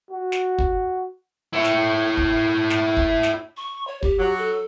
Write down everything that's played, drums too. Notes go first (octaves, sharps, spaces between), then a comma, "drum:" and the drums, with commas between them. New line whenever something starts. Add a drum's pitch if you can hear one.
F#4
drum: snare
drum: kick
E4 C#5
drum: snare
drum: kick
drum: snare
drum: kick
drum: snare
C#6
C#5
G4, drum: kick
F#3
A4